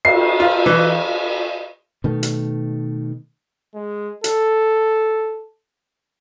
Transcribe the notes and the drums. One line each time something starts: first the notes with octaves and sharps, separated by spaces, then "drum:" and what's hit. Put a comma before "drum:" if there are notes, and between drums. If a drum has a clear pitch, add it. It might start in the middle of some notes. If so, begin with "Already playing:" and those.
C7, drum: cymbal
F4
E3
B2 D#3 A3
drum: hi-hat
G#3
A4, drum: hi-hat